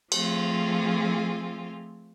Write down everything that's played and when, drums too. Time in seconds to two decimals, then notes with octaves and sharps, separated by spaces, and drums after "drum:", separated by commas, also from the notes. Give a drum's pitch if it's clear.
0.12 F3 A3 C4 F4 G#4, drum: cymbal